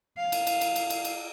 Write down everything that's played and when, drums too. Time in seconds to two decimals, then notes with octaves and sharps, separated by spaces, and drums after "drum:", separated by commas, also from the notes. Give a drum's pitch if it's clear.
0.18 F5
0.32 drum: cymbal
0.47 drum: cymbal
0.61 drum: cymbal
0.76 drum: cymbal
0.90 drum: cymbal
1.05 drum: cymbal